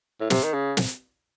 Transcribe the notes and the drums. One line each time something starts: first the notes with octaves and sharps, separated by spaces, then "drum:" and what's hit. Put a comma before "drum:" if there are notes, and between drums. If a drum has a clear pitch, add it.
A2
C3, drum: snare
D#3
C#3
drum: snare